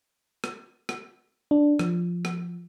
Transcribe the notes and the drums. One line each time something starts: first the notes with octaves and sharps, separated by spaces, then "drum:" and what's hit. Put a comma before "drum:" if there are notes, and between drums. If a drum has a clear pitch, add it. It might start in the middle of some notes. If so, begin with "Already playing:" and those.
drum: rim click
drum: rim click
D4
F3, drum: rim click
drum: rim click